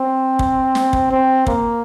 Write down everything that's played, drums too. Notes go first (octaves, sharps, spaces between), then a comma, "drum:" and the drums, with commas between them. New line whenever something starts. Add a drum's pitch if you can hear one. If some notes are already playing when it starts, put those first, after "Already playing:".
Already playing: C4
drum: kick
drum: snare
drum: kick
C4
A#3, drum: kick